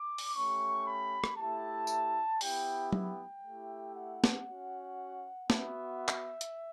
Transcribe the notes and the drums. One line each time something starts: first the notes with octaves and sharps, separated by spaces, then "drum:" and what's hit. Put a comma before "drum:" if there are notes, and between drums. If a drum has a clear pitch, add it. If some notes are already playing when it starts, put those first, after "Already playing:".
Already playing: D6
drum: open hi-hat
A3 C#4 G4 C#6
B5
drum: rim click
A3 E4 G4 A5
drum: tambourine
B3 E4 G4 G5, drum: open hi-hat
G5, drum: tom F#3
A3 E4 G4
F#5
drum: snare
C#4 F#4
B3 F#4 E5, drum: snare
drum: clap
drum: hi-hat